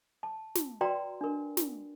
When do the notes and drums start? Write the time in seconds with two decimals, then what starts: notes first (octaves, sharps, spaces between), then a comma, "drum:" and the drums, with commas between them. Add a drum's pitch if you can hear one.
0.23 A5
0.55 drum: snare
0.81 F#4 B4 D5 G5 A#5 C6
1.21 D4 A#4
1.57 drum: snare